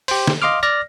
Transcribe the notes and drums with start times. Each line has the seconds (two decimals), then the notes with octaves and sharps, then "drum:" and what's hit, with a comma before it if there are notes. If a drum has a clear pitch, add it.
0.08 G4 C5, drum: open hi-hat
0.27 drum: snare
0.42 D#5 F5 C6 D6 F6
0.63 D5 F6 A#6